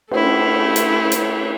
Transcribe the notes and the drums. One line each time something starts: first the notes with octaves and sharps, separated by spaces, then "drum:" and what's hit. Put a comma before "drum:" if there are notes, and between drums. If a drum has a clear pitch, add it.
A3 E4, drum: cymbal
drum: hi-hat
drum: hi-hat